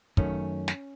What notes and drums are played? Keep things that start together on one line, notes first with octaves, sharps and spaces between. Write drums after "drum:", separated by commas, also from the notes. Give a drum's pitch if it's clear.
F#2 D#3 A3 C#4, drum: kick
drum: snare